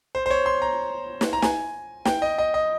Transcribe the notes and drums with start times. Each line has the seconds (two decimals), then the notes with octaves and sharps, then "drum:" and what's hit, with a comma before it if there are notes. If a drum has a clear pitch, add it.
0.15 C5
0.26 C5
0.31 C#5
0.46 C6
0.62 A#5
1.21 drum: snare
1.33 A#5
1.42 G#5, drum: snare
2.05 G5, drum: snare
2.22 D#5
2.38 D#5
2.54 D#5